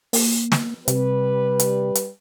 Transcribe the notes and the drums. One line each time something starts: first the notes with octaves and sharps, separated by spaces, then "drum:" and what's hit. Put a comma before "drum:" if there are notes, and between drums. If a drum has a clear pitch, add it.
A#3, drum: open hi-hat
drum: snare
C3 G3 B4, drum: hi-hat
drum: hi-hat
drum: hi-hat